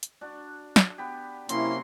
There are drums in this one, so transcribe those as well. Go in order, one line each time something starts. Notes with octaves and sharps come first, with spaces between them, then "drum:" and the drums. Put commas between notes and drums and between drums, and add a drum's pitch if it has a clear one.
drum: hi-hat
D4 F#4
drum: snare
B3 G4
C3 F#3 A#3 C#4 E4 C6, drum: hi-hat